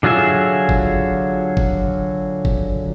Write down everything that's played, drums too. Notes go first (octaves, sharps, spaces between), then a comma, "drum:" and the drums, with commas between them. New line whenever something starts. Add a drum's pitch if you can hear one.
D3 F#3 F4 G#4 E5
drum: kick F#1
drum: kick F#1
drum: kick F#1